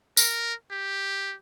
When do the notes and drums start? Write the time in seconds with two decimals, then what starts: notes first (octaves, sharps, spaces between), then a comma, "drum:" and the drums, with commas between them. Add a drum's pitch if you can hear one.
0.17 A#4, drum: tambourine
0.71 G4